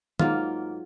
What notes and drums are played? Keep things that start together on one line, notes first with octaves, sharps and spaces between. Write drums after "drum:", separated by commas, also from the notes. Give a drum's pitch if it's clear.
G#2 F#3 A#3 F4, drum: tom